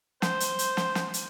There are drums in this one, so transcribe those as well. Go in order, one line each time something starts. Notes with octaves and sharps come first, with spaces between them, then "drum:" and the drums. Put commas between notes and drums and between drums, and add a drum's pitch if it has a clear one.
C5, drum: snare
drum: hi-hat
drum: hi-hat
drum: snare
drum: snare
drum: hi-hat